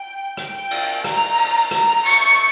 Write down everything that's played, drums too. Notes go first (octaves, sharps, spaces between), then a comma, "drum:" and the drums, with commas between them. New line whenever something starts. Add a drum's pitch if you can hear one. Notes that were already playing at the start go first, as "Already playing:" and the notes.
Already playing: G5
G5, drum: rim click
drum: cymbal
A#5, drum: rim click
drum: cymbal
A#5, drum: rim click
C#6, drum: cymbal